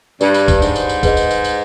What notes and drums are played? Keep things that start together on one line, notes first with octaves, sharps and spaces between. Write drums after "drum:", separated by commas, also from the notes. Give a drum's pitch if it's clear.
G2 D4 G4 B4 D5, drum: tambourine
drum: tambourine
drum: kick, tambourine
G#2, drum: tambourine
drum: tambourine
drum: tambourine
G#4 B4 D#5, drum: kick, tambourine
drum: tambourine
drum: tambourine
drum: tambourine